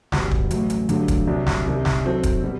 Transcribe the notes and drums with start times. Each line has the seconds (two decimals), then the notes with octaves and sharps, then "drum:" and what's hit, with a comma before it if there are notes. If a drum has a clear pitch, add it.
0.12 F#1 E2 B2 G3, drum: snare
0.31 drum: kick
0.51 A1 A2 F#3, drum: hi-hat
0.70 drum: hi-hat
0.89 G1 G2 F#3 A3, drum: hi-hat
1.08 drum: kick, hi-hat
1.27 C2 C3 F#3
1.47 drum: snare
1.66 C2 C3 D#3
1.85 drum: snare
2.05 D#3 F#3 C4 F#4 A4
2.23 drum: kick, hi-hat
2.44 B2 G3